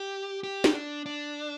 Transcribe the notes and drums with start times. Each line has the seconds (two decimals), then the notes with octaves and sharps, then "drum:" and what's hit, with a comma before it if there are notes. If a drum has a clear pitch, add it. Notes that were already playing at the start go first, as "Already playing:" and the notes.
Already playing: G4
0.43 G4
0.64 drum: snare
0.74 D4
1.06 D4